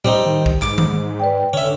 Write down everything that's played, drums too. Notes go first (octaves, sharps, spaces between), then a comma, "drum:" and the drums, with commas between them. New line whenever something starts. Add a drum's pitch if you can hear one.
G3 C4 D#4, drum: tom A2
D#3
drum: kick
G#2 D6, drum: clap
drum: tom D#3
B4 D5 G5
D3 C#4 E5